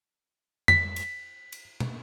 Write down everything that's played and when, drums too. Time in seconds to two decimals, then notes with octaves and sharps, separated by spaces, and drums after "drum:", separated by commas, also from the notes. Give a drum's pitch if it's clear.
0.68 B6, drum: tom F2
0.96 drum: cymbal
1.52 drum: cymbal
1.80 drum: tom